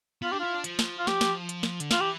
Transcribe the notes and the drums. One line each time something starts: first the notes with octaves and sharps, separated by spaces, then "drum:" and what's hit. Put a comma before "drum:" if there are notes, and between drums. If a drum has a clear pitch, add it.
B3 F4
D4 G4
E4 F4
D4
F3, drum: hi-hat
drum: snare
F4
G4, drum: snare
drum: snare
drum: hi-hat
drum: snare
D3, drum: hi-hat
E3 F4, drum: snare
G4